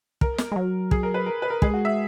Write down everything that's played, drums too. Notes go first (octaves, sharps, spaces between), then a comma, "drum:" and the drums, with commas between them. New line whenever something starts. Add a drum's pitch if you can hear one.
A#4, drum: kick
drum: snare
G#3
F#3
G#4, drum: kick
A#4
B4
A#4
B4
A#4
G#3 G#4, drum: kick
F#4
E5